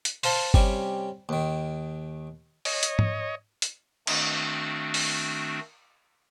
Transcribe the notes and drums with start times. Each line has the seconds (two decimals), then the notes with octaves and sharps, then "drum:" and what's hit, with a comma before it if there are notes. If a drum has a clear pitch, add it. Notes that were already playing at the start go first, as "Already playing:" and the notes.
0.05 drum: hi-hat
0.23 C5 F5 A5 C6, drum: open hi-hat
0.54 C3 G3 C#4 C#6, drum: kick G1
1.29 D#2 D#3
2.65 C#5 D#5, drum: open hi-hat
2.83 drum: hi-hat
2.99 drum: tom G#2
3.62 drum: hi-hat
4.07 D#3 A3 C4 D4 F#4, drum: cymbal
4.94 drum: open hi-hat